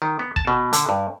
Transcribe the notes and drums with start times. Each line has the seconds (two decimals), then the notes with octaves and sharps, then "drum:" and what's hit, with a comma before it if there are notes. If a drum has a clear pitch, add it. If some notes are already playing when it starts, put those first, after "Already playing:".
0.02 D#3
0.19 B3
0.36 A5, drum: kick
0.47 B2
0.73 D3, drum: hi-hat
0.89 G2